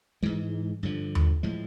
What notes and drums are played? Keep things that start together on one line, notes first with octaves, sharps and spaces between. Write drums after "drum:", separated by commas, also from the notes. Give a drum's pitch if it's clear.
G#2 E3 G#3
G2 D3 F3
drum: tom D#2
A2 F3 G#3